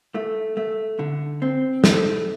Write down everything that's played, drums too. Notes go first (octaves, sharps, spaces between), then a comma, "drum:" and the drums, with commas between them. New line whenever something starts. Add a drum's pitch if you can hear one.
A3
A3
D3
C4
A3, drum: snare